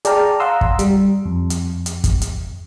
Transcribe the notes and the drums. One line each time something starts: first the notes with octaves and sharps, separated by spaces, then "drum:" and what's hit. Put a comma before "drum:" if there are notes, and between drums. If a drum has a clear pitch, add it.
G#4 D5 G5 A5 A#5 F6, drum: hi-hat
F5 F#5 A#5 C6 D#6 E6
drum: kick
G3, drum: hi-hat
F2
drum: hi-hat
drum: hi-hat
drum: kick, hi-hat
drum: hi-hat